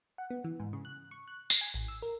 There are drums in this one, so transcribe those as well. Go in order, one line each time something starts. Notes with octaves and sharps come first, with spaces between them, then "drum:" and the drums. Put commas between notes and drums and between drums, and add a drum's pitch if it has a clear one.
F#5
B3
E3
G#2
C#3
F#6
C#6
F#6
drum: tambourine
G#5
A1
E6
A#4